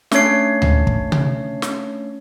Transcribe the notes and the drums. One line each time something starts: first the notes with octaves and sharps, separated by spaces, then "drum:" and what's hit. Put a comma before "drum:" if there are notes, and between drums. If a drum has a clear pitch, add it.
A3 C#4 D4 C#5 C7, drum: snare
drum: tom D2
drum: kick
drum: tom C3
drum: snare